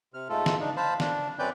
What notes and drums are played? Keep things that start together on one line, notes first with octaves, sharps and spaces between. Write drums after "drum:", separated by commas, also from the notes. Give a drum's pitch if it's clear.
C3 F6
G#2 A3 F4 A4
drum: snare
D4 D#4
C5 F5 A5 B5
D4, drum: snare
F#2 C4 C#4 B4 D5 G6